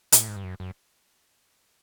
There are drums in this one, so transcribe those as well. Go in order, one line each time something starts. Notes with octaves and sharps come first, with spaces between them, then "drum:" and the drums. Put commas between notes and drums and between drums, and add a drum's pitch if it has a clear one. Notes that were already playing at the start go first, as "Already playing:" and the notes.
A#2, drum: hi-hat
A2
G#2
G2
F#2
F#2